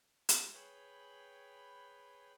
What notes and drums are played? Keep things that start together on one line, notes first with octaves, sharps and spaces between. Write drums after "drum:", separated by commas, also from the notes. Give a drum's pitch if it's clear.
drum: hi-hat
G#4 B4 C#5 G5 B5